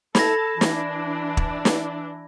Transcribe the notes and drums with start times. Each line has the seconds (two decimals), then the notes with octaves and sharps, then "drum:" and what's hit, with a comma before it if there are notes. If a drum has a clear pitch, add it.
0.15 A4 A5 B5 G#6 A#6, drum: snare
0.61 E3 D4, drum: snare
1.37 drum: kick
1.65 drum: snare